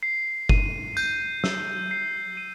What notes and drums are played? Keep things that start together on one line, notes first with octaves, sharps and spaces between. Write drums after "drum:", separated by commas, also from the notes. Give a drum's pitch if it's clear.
C7
D#7, drum: kick F#1
G6, drum: tambourine
E6, drum: snare
C7
D#7